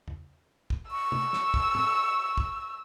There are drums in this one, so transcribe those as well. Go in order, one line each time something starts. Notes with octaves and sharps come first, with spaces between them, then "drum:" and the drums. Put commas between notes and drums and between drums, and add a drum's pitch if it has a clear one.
drum: tom E2
drum: kick
C#6 E6
drum: tom
drum: snare
drum: kick
drum: tom
drum: kick